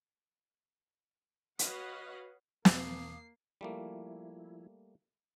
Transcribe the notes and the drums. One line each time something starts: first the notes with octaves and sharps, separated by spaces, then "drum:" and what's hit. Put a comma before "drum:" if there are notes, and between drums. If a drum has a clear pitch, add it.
F#4 B4 C#5 D#5 F5 F#5, drum: hi-hat
E2 B2 E3 A#3 F5 D6 D#6 C7, drum: snare
F3 G3 A3 A#3 E4